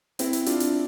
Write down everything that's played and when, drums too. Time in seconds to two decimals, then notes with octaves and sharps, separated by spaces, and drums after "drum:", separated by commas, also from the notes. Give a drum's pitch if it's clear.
0.19 C4 E4, drum: hi-hat
0.33 drum: hi-hat
0.46 D4 F4, drum: hi-hat
0.60 drum: hi-hat